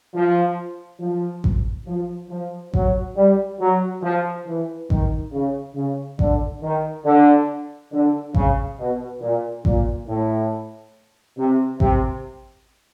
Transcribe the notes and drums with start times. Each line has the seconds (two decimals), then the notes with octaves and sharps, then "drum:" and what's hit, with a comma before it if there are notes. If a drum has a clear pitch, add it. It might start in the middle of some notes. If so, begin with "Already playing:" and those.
0.14 F3
1.01 F3
1.44 drum: kick A1
1.87 F3
2.30 F3
2.74 F#3, drum: kick A1
3.17 G3
3.60 F#3
4.03 F3
4.47 E3
4.90 D#3, drum: kick A1
5.33 C#3
5.75 C#3
6.19 D3, drum: kick A1
6.63 D#3
7.05 D3
7.93 D3
8.35 C#3, drum: kick A1
8.78 B2
9.21 A#2
9.65 A#2, drum: kick A1
10.08 A2
11.37 C3
11.80 C3, drum: kick A1